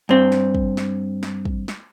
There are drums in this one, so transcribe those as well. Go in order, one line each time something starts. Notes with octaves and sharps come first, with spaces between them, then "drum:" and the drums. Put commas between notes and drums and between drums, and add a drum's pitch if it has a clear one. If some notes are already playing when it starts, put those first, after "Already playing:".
G2 C4
drum: snare
drum: kick
drum: snare
drum: snare
drum: kick
drum: snare